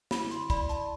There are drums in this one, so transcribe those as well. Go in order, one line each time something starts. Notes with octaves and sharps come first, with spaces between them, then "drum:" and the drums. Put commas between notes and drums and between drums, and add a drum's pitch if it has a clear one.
E4 B5, drum: snare
C6, drum: hi-hat
D5 B5, drum: kick, hi-hat
A5, drum: hi-hat